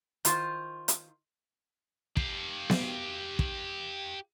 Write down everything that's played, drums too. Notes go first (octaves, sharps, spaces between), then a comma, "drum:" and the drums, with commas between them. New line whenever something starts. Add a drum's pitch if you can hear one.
D#3 F4 C5, drum: hi-hat
drum: hi-hat
G4 F5, drum: kick
drum: snare B3
drum: kick